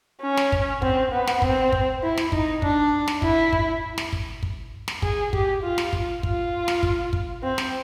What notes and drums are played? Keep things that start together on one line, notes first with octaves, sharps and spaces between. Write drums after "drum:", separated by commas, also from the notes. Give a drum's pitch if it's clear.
C#4
drum: snare
drum: kick
C4, drum: kick
B3
drum: snare
C4, drum: kick
drum: kick
E4
drum: snare
D#4, drum: kick
D4, drum: kick
drum: snare
E4, drum: kick
drum: kick
drum: snare
drum: kick
drum: kick
drum: snare
G#4, drum: kick
G4, drum: kick
F4
drum: snare
drum: kick
F4, drum: kick
drum: snare
drum: kick
drum: kick
C4
drum: snare